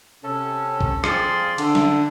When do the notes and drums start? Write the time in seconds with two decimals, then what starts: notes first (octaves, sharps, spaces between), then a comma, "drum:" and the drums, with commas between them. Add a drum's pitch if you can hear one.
0.24 C3 C#4 A4
0.81 drum: kick
1.04 F3 C4 F4 G#4 D5 C6, drum: rim click
1.58 D3, drum: cymbal
1.75 drum: snare